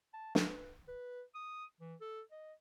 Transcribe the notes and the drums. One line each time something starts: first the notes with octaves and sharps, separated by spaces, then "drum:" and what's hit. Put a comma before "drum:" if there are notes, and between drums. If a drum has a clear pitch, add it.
A5
B4, drum: snare
B4
D#6
E3
A4
D#5